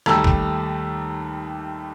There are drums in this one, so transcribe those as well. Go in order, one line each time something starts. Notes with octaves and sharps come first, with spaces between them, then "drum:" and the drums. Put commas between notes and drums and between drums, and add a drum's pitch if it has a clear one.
D#2 G3 A3 A5 A#5 E6, drum: rim click
drum: kick